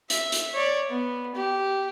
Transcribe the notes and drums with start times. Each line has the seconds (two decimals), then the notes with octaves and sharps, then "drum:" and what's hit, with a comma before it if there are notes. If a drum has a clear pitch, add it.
0.10 E5, drum: hi-hat
0.32 drum: hi-hat
0.54 C#5 D5
0.90 B3
1.35 G4